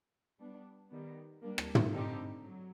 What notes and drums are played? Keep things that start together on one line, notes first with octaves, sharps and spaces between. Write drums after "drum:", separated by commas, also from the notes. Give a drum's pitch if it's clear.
G3 B3 D4
D#3 G3 B3
G3 A#3 D4
drum: rim click
drum: tom
D3 G3 C4 D#4 G4
F#3